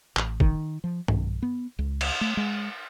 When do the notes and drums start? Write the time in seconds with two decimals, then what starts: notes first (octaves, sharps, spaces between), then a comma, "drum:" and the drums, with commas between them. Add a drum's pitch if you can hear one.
0.16 A1, drum: clap
0.40 D#3, drum: kick
0.84 F3
1.08 B1, drum: tom G2
1.42 B3
1.79 C#2
2.01 drum: cymbal
2.21 A3
2.37 G#3